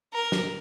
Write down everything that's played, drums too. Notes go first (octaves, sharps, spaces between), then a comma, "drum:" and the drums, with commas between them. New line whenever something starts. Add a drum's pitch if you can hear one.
A#4
drum: snare